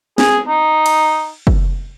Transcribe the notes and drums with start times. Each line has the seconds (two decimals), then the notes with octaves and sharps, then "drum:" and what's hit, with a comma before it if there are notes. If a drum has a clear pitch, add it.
0.18 G#4, drum: snare
0.48 D#4
0.86 drum: cymbal
1.47 drum: kick